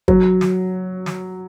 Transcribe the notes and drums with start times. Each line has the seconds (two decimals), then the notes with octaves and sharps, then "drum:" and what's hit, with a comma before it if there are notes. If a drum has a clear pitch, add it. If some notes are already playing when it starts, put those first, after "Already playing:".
0.08 F#3, drum: kick
0.41 drum: snare
1.06 drum: snare